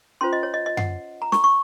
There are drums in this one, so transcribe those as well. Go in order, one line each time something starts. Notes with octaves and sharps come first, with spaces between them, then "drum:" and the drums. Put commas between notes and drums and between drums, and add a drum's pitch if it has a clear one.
C#4 F4 C5 C6
D#5
C#5
D#5
D#5
F#5, drum: tom F#2
A#5
C#6, drum: snare
C#6